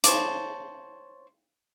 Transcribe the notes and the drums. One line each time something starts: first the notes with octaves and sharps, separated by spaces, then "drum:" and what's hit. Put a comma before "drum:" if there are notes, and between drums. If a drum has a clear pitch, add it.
C5 C#5 A5 D6, drum: hi-hat